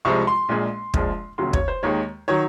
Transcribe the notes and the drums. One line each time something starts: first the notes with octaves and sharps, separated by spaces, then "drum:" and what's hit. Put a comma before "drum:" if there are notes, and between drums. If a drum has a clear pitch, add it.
C2 C3 F3 G#3 C#6
C6
A#1 A#2 G#3
A#1 A#2 F3 G#3, drum: kick
F1 D#2 C#3 F#3 C6
C#5, drum: kick
C5
D#2 D#3 G#3 C#5
D#3 F#3 C#5